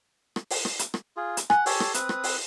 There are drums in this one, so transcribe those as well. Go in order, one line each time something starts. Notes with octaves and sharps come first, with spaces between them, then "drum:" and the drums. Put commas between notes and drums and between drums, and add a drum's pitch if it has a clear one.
drum: rim click
drum: open hi-hat
drum: rim click
drum: hi-hat
drum: rim click
F4 G#4
drum: hi-hat
F#5 G#5, drum: rim click
G4 A4 C#5, drum: open hi-hat
drum: rim click
C4 B4 D#6, drum: hi-hat
drum: rim click
drum: open hi-hat